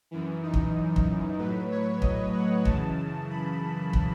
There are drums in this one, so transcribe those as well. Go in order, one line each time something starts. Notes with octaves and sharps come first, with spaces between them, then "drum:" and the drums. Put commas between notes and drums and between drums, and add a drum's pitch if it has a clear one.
F#2 E3
D#4
drum: kick
drum: kick
A2 F#3 B4
C#5
D#5, drum: kick
F#5
F#2 C#3 E3 A5, drum: kick
B5
drum: kick